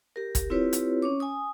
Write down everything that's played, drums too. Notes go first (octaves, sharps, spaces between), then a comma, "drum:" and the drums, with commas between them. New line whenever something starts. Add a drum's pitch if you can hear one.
G4 A#4
drum: kick, hi-hat
C4 E4 F4 G4 B4 C#5
drum: hi-hat
C#4 C#5 D6
G#5 D#6